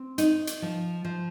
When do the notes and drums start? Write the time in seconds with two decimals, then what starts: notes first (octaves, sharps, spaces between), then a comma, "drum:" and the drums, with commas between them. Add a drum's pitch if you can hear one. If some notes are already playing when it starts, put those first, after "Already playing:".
Already playing: C4
0.18 D#4, drum: hi-hat
0.47 drum: hi-hat
0.62 F3
1.05 F3